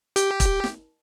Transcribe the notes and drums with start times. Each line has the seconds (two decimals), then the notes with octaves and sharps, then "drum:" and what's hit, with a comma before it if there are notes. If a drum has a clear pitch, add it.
0.16 G4, drum: hi-hat
0.40 drum: kick, hi-hat
0.64 drum: snare